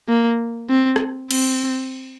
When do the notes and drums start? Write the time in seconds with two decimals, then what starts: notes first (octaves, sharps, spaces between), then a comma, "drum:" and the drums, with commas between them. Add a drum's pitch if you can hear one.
0.08 A#3
0.69 C4
0.96 drum: rim click
1.31 C4, drum: cymbal